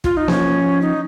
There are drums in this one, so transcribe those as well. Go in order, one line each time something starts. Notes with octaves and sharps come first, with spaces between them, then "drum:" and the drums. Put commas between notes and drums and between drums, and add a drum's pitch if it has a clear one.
F4, drum: kick
D#4
F3 C#4, drum: snare A#3
D#4